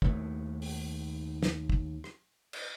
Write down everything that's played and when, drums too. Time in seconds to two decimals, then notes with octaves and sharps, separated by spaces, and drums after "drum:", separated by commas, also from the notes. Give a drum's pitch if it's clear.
0.02 D#2 A3, drum: kick
0.62 drum: open hi-hat
1.43 drum: snare
1.70 drum: kick
2.04 drum: rim click
2.53 drum: cymbal